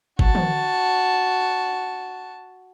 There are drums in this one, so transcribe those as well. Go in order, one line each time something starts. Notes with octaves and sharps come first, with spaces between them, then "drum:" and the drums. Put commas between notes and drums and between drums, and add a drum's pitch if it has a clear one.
F#4 A5, drum: kick G1
drum: tom